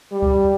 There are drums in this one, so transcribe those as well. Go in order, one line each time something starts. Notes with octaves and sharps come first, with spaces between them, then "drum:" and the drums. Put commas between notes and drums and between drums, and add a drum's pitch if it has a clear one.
G3
drum: kick C#2